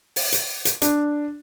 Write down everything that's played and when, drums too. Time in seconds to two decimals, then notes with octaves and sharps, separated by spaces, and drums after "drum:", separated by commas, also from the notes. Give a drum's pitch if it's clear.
0.16 drum: open hi-hat
0.32 drum: hi-hat
0.65 drum: hi-hat
0.82 D4, drum: hi-hat